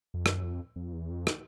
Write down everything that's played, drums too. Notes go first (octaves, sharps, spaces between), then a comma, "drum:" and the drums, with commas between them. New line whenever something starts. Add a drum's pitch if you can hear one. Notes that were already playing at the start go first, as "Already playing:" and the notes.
F2
F#2, drum: rim click
F2
F2
E2
F2
drum: rim click